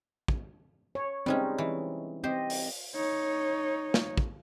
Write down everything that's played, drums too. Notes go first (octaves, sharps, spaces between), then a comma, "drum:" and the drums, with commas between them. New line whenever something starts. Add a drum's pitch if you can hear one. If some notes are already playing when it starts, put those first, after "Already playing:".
drum: kick
C#5
G3 G#3 C4 C#4 D#4
E3
C4 G4 C5 D#5
drum: open hi-hat
D#4 C#5
drum: snare
drum: kick